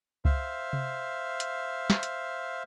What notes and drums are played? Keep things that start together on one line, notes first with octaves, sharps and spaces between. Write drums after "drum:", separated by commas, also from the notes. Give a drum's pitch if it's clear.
C5 E5 F5, drum: kick C#2
drum: tom C3
drum: hi-hat
drum: snare
drum: hi-hat